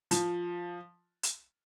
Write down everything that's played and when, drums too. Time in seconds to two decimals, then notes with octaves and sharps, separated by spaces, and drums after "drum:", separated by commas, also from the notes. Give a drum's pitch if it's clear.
0.11 F3, drum: hi-hat
1.23 drum: hi-hat